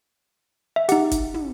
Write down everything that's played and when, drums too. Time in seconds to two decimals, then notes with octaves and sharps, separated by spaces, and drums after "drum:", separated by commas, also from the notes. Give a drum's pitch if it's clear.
0.76 E5
0.89 D#4 G4 F#5, drum: hi-hat
1.11 drum: kick F#1, hi-hat
1.34 drum: tom